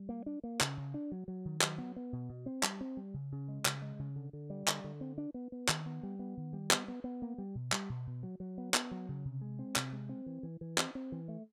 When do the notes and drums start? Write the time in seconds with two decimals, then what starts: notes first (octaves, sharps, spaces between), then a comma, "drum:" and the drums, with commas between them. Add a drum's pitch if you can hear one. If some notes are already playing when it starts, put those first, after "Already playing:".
Already playing: G3
0.09 A#3
0.26 D4
0.44 A#3
0.60 C#3, drum: clap
0.77 C#3
0.94 D4
1.12 F#3
1.28 F#3
1.45 D#3
1.61 F#3, drum: clap
1.78 B3
1.96 B3
2.13 B2
2.29 B2
2.46 C4
2.63 G3, drum: clap
2.81 C4
2.97 G3
3.14 C#3
3.32 C#3
3.48 G#3
3.65 C#3, drum: clap
3.82 G#3
3.99 C#3
4.16 D3
4.33 D3
4.50 G3
4.68 D3, drum: clap
4.84 D3
5.01 C4
5.18 D4
5.34 B3
5.52 B3
5.68 D#3, drum: clap
5.86 B3
6.03 G3
6.19 B3
6.37 D#3
6.53 G3
6.71 B3, drum: clap
6.88 B3
7.04 B3
7.22 A#3
7.38 G3
7.55 B2
7.72 G3, drum: clap
7.89 B2
8.07 B2
8.23 F#3
8.40 F#3
8.58 B3
8.74 B3, drum: clap
8.91 F#3
9.09 C#3
9.25 C3
9.41 G#3
9.59 C4
9.76 C3, drum: clap
9.93 G#3
10.09 C4
10.26 E3
10.43 E3
10.61 E3
10.78 C4, drum: clap
10.95 C4
11.12 E3
11.28 A3